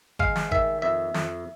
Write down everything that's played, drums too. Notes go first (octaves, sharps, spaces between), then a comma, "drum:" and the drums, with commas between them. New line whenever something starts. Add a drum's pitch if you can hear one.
G#3 F5, drum: kick G#1
drum: snare
D#3 E5, drum: kick G#1
F2 E5
F2, drum: snare